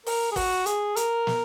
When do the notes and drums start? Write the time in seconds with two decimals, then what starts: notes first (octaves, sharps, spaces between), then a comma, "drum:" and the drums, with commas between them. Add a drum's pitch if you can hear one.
0.06 A#4, drum: open hi-hat
0.31 G#4
0.36 F#4, drum: kick, open hi-hat
0.66 G#4, drum: hi-hat
0.96 A#4, drum: hi-hat
1.27 drum: snare